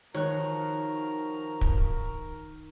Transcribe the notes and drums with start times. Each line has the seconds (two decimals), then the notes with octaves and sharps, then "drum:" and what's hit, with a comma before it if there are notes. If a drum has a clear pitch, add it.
0.14 D#3 F3 F#4 A#4 C#5 A#5 F#6
1.61 drum: kick